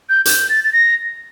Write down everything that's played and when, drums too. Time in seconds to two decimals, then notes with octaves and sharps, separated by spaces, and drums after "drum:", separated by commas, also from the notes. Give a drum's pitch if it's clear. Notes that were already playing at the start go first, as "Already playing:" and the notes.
0.09 G6
0.25 G6, drum: hi-hat
0.49 A6
0.64 A6
0.73 A#6